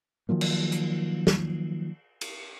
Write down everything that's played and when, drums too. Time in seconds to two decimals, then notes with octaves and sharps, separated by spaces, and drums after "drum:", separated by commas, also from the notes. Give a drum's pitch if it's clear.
0.29 D#3 F3 F#3 A#3
0.41 drum: cymbal
0.72 drum: hi-hat
1.27 drum: snare
2.21 drum: cymbal